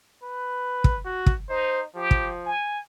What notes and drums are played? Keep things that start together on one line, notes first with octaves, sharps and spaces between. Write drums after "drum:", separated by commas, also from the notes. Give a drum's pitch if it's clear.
B4
drum: kick
F#4
drum: kick
D#4 C5
F3 G4
drum: kick
G#5